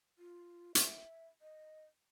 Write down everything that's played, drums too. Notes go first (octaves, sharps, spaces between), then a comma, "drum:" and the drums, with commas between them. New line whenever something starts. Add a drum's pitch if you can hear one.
F4
E5, drum: hi-hat
D#5